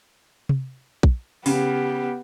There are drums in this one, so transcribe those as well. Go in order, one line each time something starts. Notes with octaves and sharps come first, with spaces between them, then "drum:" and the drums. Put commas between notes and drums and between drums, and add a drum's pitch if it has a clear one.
drum: tom C3
drum: kick A#1
C#3 B3 G4, drum: open hi-hat